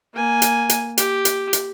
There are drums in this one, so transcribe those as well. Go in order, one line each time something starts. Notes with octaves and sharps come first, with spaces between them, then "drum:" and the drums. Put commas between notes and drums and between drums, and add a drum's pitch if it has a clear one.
A#3 G#5
drum: hi-hat
drum: hi-hat
G4, drum: hi-hat
drum: hi-hat
drum: hi-hat